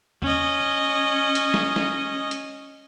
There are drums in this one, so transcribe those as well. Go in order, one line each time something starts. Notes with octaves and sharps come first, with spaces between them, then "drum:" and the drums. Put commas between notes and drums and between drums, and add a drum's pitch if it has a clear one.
C#4 D#5, drum: tom E2
drum: hi-hat
drum: snare
drum: snare
drum: hi-hat